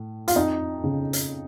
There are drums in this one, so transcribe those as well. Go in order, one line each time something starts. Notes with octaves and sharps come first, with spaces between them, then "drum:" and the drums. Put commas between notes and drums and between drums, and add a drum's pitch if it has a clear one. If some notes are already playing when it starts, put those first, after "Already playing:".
Already playing: A2
F4, drum: hi-hat
F2 D#4
C#3
drum: hi-hat